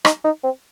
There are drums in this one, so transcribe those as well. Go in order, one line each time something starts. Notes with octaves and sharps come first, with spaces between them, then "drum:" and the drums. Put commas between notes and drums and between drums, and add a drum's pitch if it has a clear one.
D#4, drum: rim click
D#4
C4